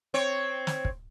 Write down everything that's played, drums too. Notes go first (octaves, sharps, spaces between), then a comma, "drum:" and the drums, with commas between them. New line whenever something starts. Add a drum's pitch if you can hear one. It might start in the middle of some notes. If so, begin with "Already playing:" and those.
C4 C#5
drum: snare
drum: kick